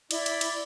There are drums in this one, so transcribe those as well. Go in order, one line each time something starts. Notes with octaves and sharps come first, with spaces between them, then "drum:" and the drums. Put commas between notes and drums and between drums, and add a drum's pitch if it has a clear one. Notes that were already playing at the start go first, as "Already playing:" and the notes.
E4 D5, drum: cymbal
drum: cymbal
drum: cymbal